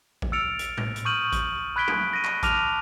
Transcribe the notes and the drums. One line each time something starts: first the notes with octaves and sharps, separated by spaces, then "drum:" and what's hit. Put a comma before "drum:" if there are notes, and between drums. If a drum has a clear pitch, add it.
drum: kick A1
E6 F6 A6 C#7 D7 F7
drum: hi-hat
drum: tom A2
drum: hi-hat
C#6 D#6 F6 G6 D#7 F#7
drum: kick A1, hi-hat
B5 F#6 G#6 B6 D7 G7
drum: tom
A#6 D#7
drum: clap
A5 D6 F6 A#6 D#7 F7, drum: kick A1, hi-hat